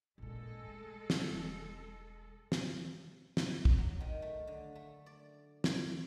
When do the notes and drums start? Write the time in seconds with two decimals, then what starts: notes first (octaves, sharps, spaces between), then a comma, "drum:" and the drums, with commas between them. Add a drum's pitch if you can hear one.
0.18 A1 A#2 G#3 A4
0.64 A3
1.10 drum: snare
1.32 E1
2.52 drum: snare
3.37 drum: snare
3.65 drum: kick
3.78 F#3
4.01 D#3
4.22 A3
4.47 D3
4.75 A3
5.06 D5
5.64 drum: snare